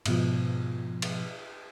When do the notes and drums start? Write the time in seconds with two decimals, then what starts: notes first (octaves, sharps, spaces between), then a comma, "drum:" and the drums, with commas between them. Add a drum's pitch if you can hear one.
0.06 G#2 B2 F3, drum: cymbal
1.02 drum: cymbal